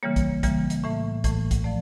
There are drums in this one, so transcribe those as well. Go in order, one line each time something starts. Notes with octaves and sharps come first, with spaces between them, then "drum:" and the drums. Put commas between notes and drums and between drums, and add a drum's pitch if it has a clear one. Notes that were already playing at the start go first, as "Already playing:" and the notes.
C#3 E3 G3 A#3 C#5
drum: kick, hi-hat
C#3 E3 G3 A#3, drum: kick, hi-hat
drum: hi-hat
A2 E3 A3 E5
A2 E3 A3, drum: kick, hi-hat
drum: kick, hi-hat
F3 A3 D5